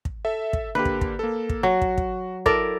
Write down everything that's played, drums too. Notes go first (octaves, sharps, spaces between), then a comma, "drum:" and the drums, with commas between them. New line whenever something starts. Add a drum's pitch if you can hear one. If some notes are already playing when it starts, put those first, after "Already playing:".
drum: kick
A4 E5
drum: kick
D3 A#3 G4 B4
drum: kick
drum: kick
A#3 A4
drum: kick
F#3 F#4
drum: kick
drum: kick
E4 A4 A#4 D5, drum: kick